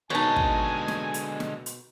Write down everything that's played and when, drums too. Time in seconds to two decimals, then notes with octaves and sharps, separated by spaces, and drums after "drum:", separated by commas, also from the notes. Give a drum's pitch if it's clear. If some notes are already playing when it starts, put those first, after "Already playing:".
0.10 B2 D3 G#3 D#4 C#5 G#5 A5
0.36 drum: kick
0.88 drum: snare
1.14 drum: hi-hat
1.40 drum: snare
1.66 drum: hi-hat